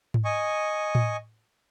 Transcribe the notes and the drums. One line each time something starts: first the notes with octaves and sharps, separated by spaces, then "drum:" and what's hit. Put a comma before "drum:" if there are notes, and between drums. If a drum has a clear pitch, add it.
drum: tom G#2
D#5 G#5 C#6
drum: tom A2